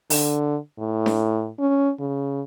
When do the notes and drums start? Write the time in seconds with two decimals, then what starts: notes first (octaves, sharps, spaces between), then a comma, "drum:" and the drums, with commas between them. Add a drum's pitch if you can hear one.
0.10 D3, drum: open hi-hat
0.79 A2
1.06 drum: snare D4
1.59 C#4
2.00 C#3